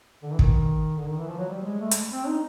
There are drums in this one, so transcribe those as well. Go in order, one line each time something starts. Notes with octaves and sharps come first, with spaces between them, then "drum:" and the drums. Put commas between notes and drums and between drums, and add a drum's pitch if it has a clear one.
D3
E3
D#3, drum: kick
D3
D#3
E3
F3
F#3
G3
G#3
A3
drum: hi-hat
C4
D#4